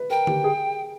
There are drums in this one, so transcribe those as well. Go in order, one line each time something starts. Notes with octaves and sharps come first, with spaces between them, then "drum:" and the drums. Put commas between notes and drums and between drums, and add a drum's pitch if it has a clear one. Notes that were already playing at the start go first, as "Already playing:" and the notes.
Already playing: B4
A#4 G5
G4, drum: tom D3
G#4